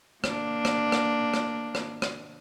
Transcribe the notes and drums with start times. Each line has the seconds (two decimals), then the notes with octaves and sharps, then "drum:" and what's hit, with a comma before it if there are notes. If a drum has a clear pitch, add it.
0.24 A#3 D4, drum: rim click
0.65 drum: rim click
0.92 drum: rim click
1.34 drum: rim click
1.75 drum: rim click
2.02 drum: rim click